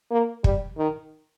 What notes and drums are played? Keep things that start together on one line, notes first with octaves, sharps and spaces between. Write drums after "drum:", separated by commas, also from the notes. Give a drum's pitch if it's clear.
A#3
G3, drum: kick
D#3